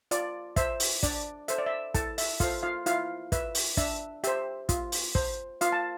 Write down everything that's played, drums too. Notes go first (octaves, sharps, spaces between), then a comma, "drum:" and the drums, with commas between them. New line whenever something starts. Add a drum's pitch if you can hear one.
F4 D5, drum: hi-hat
C5 E5, drum: kick, hi-hat
drum: open hi-hat
D4 D5, drum: kick, hi-hat
A4 C5 E5, drum: hi-hat
D5
E5
E4 A4 A5, drum: kick, hi-hat
E5, drum: open hi-hat
F4 A4 C5 F5, drum: kick, hi-hat
F4 F5
E4 F4 F5, drum: hi-hat
B4 E5, drum: kick, hi-hat
drum: open hi-hat
D4 E5, drum: kick, hi-hat
G4 C5 E5, drum: hi-hat
F4, drum: kick, hi-hat
drum: open hi-hat
C5, drum: kick
F4 F5, drum: hi-hat
A5